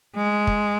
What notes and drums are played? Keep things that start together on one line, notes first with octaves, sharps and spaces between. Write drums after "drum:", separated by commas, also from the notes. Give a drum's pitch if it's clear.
G#3
drum: kick